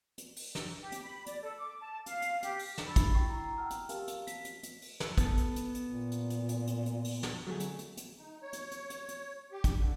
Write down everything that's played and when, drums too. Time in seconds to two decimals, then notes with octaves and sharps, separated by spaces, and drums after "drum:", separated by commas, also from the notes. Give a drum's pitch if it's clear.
0.18 drum: hi-hat
0.36 drum: open hi-hat
0.55 drum: snare
0.81 G4
0.92 drum: hi-hat
1.03 B5
1.26 D5, drum: hi-hat
1.42 A4
1.59 D6
1.80 A5
2.06 F5, drum: hi-hat
2.22 drum: hi-hat
2.43 G4, drum: hi-hat
2.59 drum: open hi-hat
2.78 drum: snare
2.87 B5 E6 A6
2.96 drum: kick, hi-hat
3.14 E4 F#4 G5 C#6 C7
3.30 A#5
3.58 F#5 G5 A5 E6 F6
3.70 drum: hi-hat
3.89 G4 A#4 F5 A5, drum: hi-hat
4.08 drum: hi-hat
4.27 B6, drum: hi-hat
4.45 drum: hi-hat
4.63 drum: hi-hat
4.82 drum: open hi-hat
5.00 drum: snare
5.18 B3 A4, drum: kick, hi-hat
5.37 drum: hi-hat
5.56 drum: hi-hat
5.75 drum: hi-hat
5.85 A#2
6.12 drum: hi-hat
6.30 drum: hi-hat
6.49 drum: hi-hat
6.67 drum: hi-hat
6.86 drum: hi-hat
7.04 drum: open hi-hat
7.23 drum: snare
7.47 D3 F#3 A3 G#4
7.60 drum: hi-hat
7.79 drum: hi-hat
7.97 drum: hi-hat
8.19 D#4
8.42 C#5
8.53 drum: hi-hat
8.71 drum: hi-hat
8.90 drum: hi-hat
9.09 drum: hi-hat
9.52 G4
9.64 drum: kick, hi-hat
9.78 D3